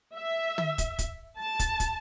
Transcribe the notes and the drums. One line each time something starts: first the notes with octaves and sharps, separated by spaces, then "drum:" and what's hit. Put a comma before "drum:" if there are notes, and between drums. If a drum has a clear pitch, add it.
E5
drum: tom
drum: kick, hi-hat
drum: kick, hi-hat
A5
drum: kick, hi-hat
drum: kick, hi-hat